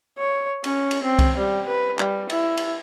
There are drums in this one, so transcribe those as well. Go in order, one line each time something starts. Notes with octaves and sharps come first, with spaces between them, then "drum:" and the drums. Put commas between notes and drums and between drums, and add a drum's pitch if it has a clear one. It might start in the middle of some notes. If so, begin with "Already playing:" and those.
C#5
C#4, drum: cymbal
drum: cymbal
C4
drum: kick C2, cymbal
G3
B4
G3, drum: clap
E4, drum: cymbal
drum: cymbal